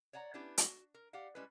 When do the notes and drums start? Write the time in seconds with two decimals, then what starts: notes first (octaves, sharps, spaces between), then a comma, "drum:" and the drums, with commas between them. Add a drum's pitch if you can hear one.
0.13 C#5 D5 F#5 G#5 A#5
0.34 B3 C#4 D4 E4 G4 B4
0.58 F#4, drum: hi-hat
0.94 A#4
1.13 G4 D5 F5 F#5
1.35 G3 G#3 C#4 E4 B4